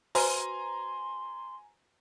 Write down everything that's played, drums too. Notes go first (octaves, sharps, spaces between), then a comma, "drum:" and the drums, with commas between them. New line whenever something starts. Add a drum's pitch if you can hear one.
F#4 B4 C5 G#5 A#5 C6, drum: open hi-hat